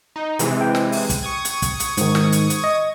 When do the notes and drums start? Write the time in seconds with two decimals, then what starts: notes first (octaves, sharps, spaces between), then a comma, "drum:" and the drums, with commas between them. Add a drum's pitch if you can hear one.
0.16 D#4
0.39 C3 E3 G#3, drum: hi-hat
0.61 G5
0.75 drum: snare
0.92 drum: open hi-hat
1.10 drum: kick, hi-hat
1.23 C#6 D#6 G#6
1.45 drum: hi-hat
1.62 drum: kick, hi-hat
1.80 drum: hi-hat
1.97 G#2 D#3, drum: hi-hat
2.15 drum: snare
2.32 drum: hi-hat
2.50 drum: hi-hat
2.64 D#5